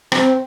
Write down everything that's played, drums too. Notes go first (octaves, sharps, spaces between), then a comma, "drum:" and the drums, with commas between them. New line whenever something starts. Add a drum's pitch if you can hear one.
C4, drum: rim click